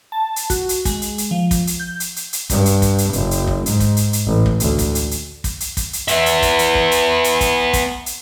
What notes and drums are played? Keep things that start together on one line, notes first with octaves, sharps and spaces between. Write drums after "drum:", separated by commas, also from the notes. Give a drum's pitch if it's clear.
A5
drum: hi-hat
F#4, drum: kick, hi-hat
drum: hi-hat
G#3, drum: kick, hi-hat
drum: hi-hat
drum: hi-hat
F3
drum: kick, hi-hat
drum: hi-hat
G6
drum: hi-hat
drum: hi-hat
drum: hi-hat
G2, drum: kick, hi-hat
drum: hi-hat
drum: kick, hi-hat
drum: hi-hat
F#1, drum: hi-hat
drum: hi-hat
drum: kick
G#2, drum: hi-hat
drum: kick, hi-hat
drum: hi-hat
drum: hi-hat
A1
drum: kick
D2, drum: hi-hat
drum: kick, hi-hat
drum: hi-hat
drum: hi-hat
drum: kick, hi-hat
drum: hi-hat
drum: kick, hi-hat
drum: hi-hat
B3 E5, drum: hi-hat
drum: hi-hat
drum: kick, hi-hat
drum: hi-hat
drum: kick
drum: hi-hat
drum: hi-hat
drum: kick, hi-hat
drum: kick, hi-hat
drum: hi-hat